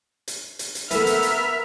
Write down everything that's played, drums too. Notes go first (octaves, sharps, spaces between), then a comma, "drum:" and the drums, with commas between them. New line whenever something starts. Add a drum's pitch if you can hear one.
drum: hi-hat
drum: hi-hat
drum: hi-hat
E3 A3 B3 A#4 E5 E6 F6, drum: hi-hat
drum: hi-hat
drum: hi-hat